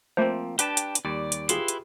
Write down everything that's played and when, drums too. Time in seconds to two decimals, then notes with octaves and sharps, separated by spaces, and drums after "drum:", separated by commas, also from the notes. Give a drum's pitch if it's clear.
0.17 F3 A3 A#3 C4 C5
0.59 D4 G4 B4 G5 A5, drum: hi-hat
0.77 drum: hi-hat
0.95 drum: hi-hat
1.05 D#2 G3 D5
1.32 drum: hi-hat
1.49 E4 F4 G4 G#4 B4 C6, drum: hi-hat
1.68 drum: hi-hat